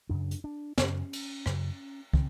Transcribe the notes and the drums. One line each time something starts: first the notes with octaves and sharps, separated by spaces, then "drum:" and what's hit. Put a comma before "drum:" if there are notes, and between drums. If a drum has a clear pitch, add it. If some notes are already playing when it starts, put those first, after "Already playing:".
F#2 C#3 D4
drum: hi-hat
D4
F#2 C#3 C#4, drum: snare
drum: cymbal
F#2 C#3, drum: rim click
C#3 C4, drum: kick